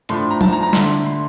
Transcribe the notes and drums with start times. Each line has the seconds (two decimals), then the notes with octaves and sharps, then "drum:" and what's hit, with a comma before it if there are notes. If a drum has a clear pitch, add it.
0.09 A2 F3 A3 D4 C6, drum: hi-hat
0.31 A#5
0.41 A5, drum: tom F#3
0.53 A#5
0.63 A#5
0.73 D3 A3 D4 C6, drum: snare
1.06 C6